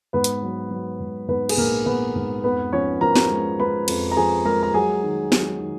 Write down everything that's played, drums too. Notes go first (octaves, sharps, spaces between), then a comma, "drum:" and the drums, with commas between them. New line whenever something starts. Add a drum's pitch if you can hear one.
G#2 B3 B4
drum: hi-hat
F#3
F#3
G#2
G#2 B3 B4
G#4, drum: cymbal
A#1 A#3 A#4
A#1 B3 B4
G#2
F2 B3 B4
F3 C#4 C#5
F3 A#4 A#5
drum: snare
G#3
G#3 B4 B5
F2, drum: cymbal
A#5
F3 G#4 G#5
G#3 A#4 A#5
A#5
F#3 G#4 G#5
D#3
F#3, drum: snare
D#3